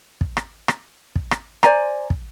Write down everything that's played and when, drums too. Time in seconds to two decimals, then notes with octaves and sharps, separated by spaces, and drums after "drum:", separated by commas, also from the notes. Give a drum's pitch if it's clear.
0.21 drum: kick
0.37 drum: rim click
0.68 drum: rim click
1.16 drum: kick
1.31 drum: rim click
1.63 C5 D5 G#5 A#5, drum: rim click
2.10 drum: kick